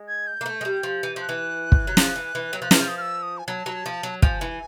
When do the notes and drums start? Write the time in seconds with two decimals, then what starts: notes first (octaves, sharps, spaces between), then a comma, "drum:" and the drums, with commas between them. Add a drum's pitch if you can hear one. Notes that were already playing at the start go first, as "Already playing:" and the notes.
Already playing: G#3
0.08 G#6
0.27 G6
0.41 A#3
0.46 A3
0.61 G#3
0.65 G3
0.83 F3
1.03 E3
1.16 F3 F#6
1.29 E3
1.72 drum: kick
1.87 F#3
1.97 F3, drum: snare
2.16 E3
2.35 E3
2.53 F#3
2.61 F3 F#6
2.71 E3 F6, drum: snare
2.81 F3
2.88 D#6
2.97 F6
3.01 E6
3.23 D#6
3.38 G#5
3.47 F#3 A5
3.66 F#3
3.86 F3
4.03 F#3
4.22 F3 G#5, drum: kick
4.41 E3